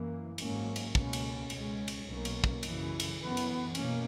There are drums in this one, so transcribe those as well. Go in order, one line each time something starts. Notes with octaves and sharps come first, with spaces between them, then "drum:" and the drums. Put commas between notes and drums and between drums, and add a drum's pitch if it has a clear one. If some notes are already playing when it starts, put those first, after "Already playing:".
Already playing: F#2 E3 A#3
G#1 G#2 F#3 A#3 C#4, drum: cymbal
drum: cymbal
C#2 B2 A#3 C#4, drum: kick
drum: cymbal
C#2 B2 G#3 C#4, drum: cymbal
drum: cymbal
B1 B2 A#3 C#4
drum: cymbal
drum: kick
F#2 C#3 E3, drum: cymbal
drum: cymbal
F#2 E3 B3
drum: cymbal
B2 A#3 C#4, drum: cymbal